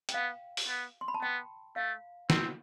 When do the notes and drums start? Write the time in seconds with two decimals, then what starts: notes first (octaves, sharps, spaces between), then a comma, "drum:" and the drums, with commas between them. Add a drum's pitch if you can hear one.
0.09 G5, drum: hi-hat
0.13 B3 F5
0.57 drum: open hi-hat
0.68 B3
1.01 C6
1.08 B5
1.14 A5
1.22 B3 G5
1.76 A3 F5
2.30 C4, drum: snare